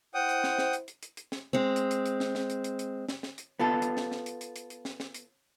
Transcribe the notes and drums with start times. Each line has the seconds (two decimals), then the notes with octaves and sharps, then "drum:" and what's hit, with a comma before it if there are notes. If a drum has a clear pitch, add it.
0.14 E4 C5 F#5 G5 D#6
0.29 drum: hi-hat
0.44 drum: snare
0.58 drum: snare
0.73 drum: hi-hat
0.88 drum: hi-hat
1.03 drum: hi-hat
1.17 drum: hi-hat
1.32 drum: snare
1.53 G#3 C4
1.76 drum: hi-hat
1.91 drum: hi-hat
2.06 drum: hi-hat
2.20 drum: snare
2.35 drum: snare
2.50 drum: hi-hat
2.64 drum: hi-hat
2.79 drum: hi-hat
3.09 drum: snare
3.23 drum: snare
3.38 drum: hi-hat
3.59 B3 F4 A4
3.82 drum: hi-hat
3.97 drum: snare
4.11 drum: snare
4.26 drum: hi-hat
4.41 drum: hi-hat
4.56 drum: hi-hat
4.70 drum: hi-hat
4.85 drum: snare
5.00 drum: snare
5.14 drum: hi-hat